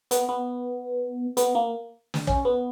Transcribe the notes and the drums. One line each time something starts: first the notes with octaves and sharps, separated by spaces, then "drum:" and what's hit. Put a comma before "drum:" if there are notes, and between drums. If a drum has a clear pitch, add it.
B3, drum: hi-hat
B3
B3, drum: hi-hat
A#3
drum: snare
C#4, drum: kick
B3